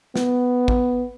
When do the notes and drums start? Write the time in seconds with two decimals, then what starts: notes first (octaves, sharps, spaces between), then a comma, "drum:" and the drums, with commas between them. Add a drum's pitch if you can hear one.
0.16 B3, drum: snare
0.68 drum: kick A1